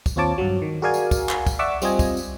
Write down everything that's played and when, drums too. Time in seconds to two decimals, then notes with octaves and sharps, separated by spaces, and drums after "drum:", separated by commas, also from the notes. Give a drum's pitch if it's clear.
0.06 drum: kick, tambourine
0.16 D#2 C4 F4 C#5 A5 D6
0.38 G2 F#3
0.62 D#3
0.82 F#4 G#4 A#4 D5 F5 G#5
0.94 drum: tambourine
1.11 drum: kick, tambourine
1.29 drum: clap
1.47 drum: kick, tambourine
1.59 D5 E5 F#5 C#6 D6 E6
1.82 G3 C4 F4 D#5 G#5, drum: tambourine
1.99 drum: kick, tambourine
2.17 drum: tambourine